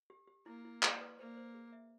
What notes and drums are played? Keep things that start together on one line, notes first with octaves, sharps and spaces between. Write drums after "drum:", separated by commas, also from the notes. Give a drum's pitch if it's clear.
G4
G4
A#3 E4
E4
D5, drum: clap
B4
A#3 C5
C5
G#4
E5